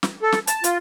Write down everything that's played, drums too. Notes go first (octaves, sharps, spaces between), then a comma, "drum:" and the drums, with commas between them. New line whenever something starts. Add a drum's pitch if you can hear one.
drum: snare
A4
drum: snare
A5, drum: hi-hat
F4, drum: hi-hat